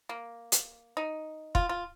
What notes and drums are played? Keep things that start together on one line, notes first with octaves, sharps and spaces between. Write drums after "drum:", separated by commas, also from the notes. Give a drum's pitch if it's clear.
A#3
drum: hi-hat
D#4
F4, drum: kick
F4